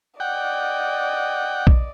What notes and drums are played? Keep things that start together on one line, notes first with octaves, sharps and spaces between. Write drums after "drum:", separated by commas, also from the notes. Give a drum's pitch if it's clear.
D5 D#5 F#5 G5
drum: kick A#1